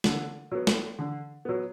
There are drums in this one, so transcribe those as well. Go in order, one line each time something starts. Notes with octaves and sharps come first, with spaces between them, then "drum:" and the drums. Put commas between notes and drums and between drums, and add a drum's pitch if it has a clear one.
D3, drum: snare
F#3 B3
drum: snare
D3
F#3 B3